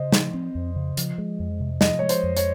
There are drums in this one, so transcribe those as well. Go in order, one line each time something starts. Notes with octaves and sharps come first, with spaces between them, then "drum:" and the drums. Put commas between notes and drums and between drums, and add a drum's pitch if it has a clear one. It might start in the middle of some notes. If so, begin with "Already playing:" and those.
Already playing: C#3 C5 D#5
F3, drum: snare
C4
F2
C#3
F3, drum: hi-hat
G#3
F2
C3
F3 D#5, drum: snare
G#3 C#5
C5, drum: hi-hat
F2
C#5, drum: hi-hat